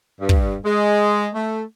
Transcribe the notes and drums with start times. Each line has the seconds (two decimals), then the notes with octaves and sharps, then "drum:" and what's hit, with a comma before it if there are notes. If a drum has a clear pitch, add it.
0.20 G2
0.29 drum: kick
0.65 G#3
1.34 A3